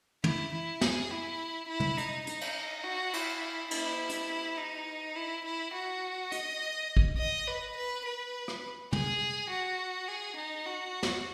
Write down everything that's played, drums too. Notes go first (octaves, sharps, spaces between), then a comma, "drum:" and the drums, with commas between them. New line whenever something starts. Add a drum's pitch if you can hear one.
E4, drum: tom
E4
G#4, drum: snare
E4
E4
drum: tom
D#4, drum: hi-hat
D#4, drum: hi-hat
drum: cymbal
F#4
E4, drum: cymbal
E4, drum: cymbal
drum: hi-hat
D#4
E4
E4
F#4
D#5, drum: hi-hat
drum: kick
D#5
B4
B4
B4
drum: rim click
G#4, drum: tom
F#4
G#4
D#4
F#4
drum: snare